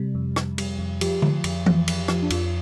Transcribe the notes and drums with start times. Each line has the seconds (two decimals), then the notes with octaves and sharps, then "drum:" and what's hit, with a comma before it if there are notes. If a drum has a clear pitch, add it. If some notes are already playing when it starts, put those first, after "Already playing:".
Already playing: C3 G3
0.15 F2
0.36 F2, drum: rim click
0.58 G3, drum: cymbal
0.79 F2
1.01 F3 G4, drum: cymbal
1.22 F3, drum: tom D3
1.44 F2, drum: cymbal
1.66 F3, drum: tom E3
1.88 F2, drum: cymbal
2.08 F3, drum: rim click
2.23 D4
2.30 F2 F4, drum: cymbal